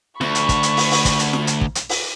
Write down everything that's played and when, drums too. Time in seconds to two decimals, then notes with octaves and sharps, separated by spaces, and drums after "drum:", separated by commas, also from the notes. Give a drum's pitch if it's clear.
0.21 D2 B5 C#6, drum: snare
0.35 drum: hi-hat
0.49 drum: kick, hi-hat
0.63 drum: hi-hat
0.77 drum: open hi-hat
0.91 drum: open hi-hat
1.05 drum: kick, hi-hat
1.19 drum: hi-hat
1.33 drum: snare
1.47 drum: hi-hat
1.61 drum: kick
1.75 drum: hi-hat
1.89 drum: open hi-hat